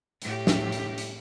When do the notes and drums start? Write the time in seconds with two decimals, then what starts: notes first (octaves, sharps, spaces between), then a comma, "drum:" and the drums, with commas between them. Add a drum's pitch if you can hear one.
0.22 A2 G4, drum: hi-hat
0.47 drum: snare
0.72 drum: hi-hat
0.98 drum: hi-hat